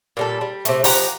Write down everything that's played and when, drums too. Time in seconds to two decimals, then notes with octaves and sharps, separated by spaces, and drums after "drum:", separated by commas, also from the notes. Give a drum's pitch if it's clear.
0.17 A#2 G3 A4
0.41 G3
0.65 C3 A3, drum: hi-hat
0.84 F3 G4 F#5 A#5, drum: open hi-hat